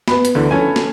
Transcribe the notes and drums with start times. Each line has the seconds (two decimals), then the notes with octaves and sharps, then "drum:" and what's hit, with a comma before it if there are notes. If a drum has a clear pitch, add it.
0.08 B3 B5, drum: snare
0.25 drum: hi-hat
0.35 D2 D3 E3
0.51 F3 A3 C#4 G#5
0.76 drum: snare